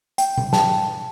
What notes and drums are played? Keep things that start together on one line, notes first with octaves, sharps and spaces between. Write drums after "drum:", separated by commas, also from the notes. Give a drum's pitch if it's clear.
G5, drum: hi-hat
drum: tom B2
A5, drum: snare